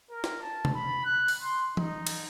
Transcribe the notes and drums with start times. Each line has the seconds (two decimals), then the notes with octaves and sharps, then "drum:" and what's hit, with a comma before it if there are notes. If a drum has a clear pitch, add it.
0.11 A#4
0.24 drum: snare
0.41 A5
0.65 drum: tom C3
0.75 B5
1.05 F#6
1.28 drum: open hi-hat
1.41 C6
1.77 D#4, drum: tom E3
2.07 drum: cymbal